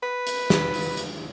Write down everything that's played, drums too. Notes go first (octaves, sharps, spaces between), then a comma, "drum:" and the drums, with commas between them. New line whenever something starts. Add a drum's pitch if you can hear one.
B4
drum: hi-hat
drum: snare
drum: open hi-hat
drum: hi-hat